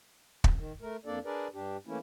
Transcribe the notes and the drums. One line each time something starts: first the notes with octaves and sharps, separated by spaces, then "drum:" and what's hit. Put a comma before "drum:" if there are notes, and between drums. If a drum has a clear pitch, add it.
drum: kick
D#3
A3 A#4
F2 A#3 D4 A4 D5
D4 G#4 A#4 B4 D5
G2 D4 G4
E3 A3 A#3 C#4 E4